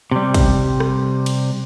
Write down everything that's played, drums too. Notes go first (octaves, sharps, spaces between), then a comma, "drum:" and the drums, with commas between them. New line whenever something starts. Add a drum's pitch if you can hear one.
C3 G3
drum: kick, cymbal
drum: rim click
drum: cymbal